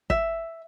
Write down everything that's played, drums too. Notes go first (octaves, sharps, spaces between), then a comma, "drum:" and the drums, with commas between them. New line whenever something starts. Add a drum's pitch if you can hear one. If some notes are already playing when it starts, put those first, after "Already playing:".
E5, drum: kick